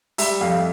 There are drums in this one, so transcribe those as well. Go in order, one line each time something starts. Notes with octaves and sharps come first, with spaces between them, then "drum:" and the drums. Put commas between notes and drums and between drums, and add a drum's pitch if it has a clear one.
G3 E5, drum: open hi-hat
F2 F5